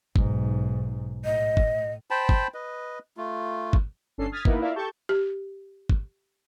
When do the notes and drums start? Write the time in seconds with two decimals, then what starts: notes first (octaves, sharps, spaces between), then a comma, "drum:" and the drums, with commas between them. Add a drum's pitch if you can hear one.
0.16 B1 G#2, drum: kick
1.25 A2 D#5
1.57 drum: kick
2.11 C5 G5 A5 B5
2.29 drum: kick
2.54 B4 D#5
3.17 A3 F4
3.73 drum: kick
4.18 G1 C#4 D4 A4 C7
4.32 D#6 F6 G#6 A6 B6
4.45 A#3 B3 D#4 E4 A#4 B4, drum: kick
4.61 E4 F4 A#4 D5 E5 F5
4.75 G4 A4 A5 C#6 G6
5.09 G4
5.89 drum: kick